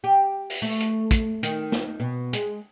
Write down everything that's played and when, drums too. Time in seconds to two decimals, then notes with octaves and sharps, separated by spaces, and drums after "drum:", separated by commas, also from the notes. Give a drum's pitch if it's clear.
0.04 G4
0.50 drum: open hi-hat
0.62 A3
0.80 drum: hi-hat
1.11 drum: kick, hi-hat
1.43 D#3, drum: hi-hat
1.72 drum: snare
2.00 B2
2.33 G#3, drum: hi-hat